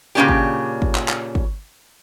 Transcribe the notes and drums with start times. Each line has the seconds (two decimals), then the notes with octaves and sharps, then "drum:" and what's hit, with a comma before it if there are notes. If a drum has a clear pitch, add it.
0.15 A#2 C#3 E3 C#4 D4 G4
0.29 drum: kick
0.82 drum: kick
0.95 drum: clap
1.08 drum: clap
1.35 drum: kick